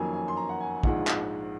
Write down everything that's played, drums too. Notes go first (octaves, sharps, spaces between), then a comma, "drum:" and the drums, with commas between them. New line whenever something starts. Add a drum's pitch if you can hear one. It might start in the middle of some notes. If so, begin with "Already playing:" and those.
Already playing: F2 D#3 F#3 A#3 C#4 G#5
G#5
C6
A#5
F#5
G#5
A#1 G#2 F3 G#3 F#5, drum: kick
drum: clap